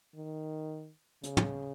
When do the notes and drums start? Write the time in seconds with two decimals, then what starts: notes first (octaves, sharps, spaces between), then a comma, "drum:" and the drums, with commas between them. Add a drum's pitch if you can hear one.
0.15 D#3
1.23 C#3, drum: hi-hat
1.37 drum: tom